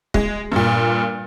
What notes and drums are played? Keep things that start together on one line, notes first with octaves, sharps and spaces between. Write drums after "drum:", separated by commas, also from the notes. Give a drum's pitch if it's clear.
G#3, drum: kick
G2 A#2